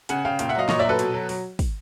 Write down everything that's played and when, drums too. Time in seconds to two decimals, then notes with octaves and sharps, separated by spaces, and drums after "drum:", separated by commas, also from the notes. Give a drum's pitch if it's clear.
0.09 C#3 F#5 G#5, drum: hi-hat
0.25 C#3 F5 G5
0.39 A#2 F5 G5, drum: hi-hat
0.49 E5 F#5
0.55 F#3 D#5 F5
0.69 A#2 C#5 D#5, drum: snare
0.79 D5 E5
0.85 F#3 A4 B4
0.99 B2, drum: hi-hat
1.14 F#3
1.29 F#3, drum: open hi-hat
1.59 drum: kick, open hi-hat